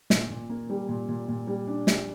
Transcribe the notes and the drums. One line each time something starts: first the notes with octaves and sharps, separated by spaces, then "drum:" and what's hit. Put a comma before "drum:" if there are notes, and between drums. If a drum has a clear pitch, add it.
A#2, drum: snare
A#2
A#3
G3
A#2
A#2
A#2
G3
D4
G4, drum: snare